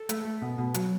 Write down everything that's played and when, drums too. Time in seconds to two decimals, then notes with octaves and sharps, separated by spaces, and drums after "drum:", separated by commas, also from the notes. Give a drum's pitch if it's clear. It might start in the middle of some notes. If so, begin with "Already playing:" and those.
Already playing: A4
0.09 A3, drum: hi-hat
0.25 A3
0.42 B2
0.58 B2
0.74 F#3, drum: hi-hat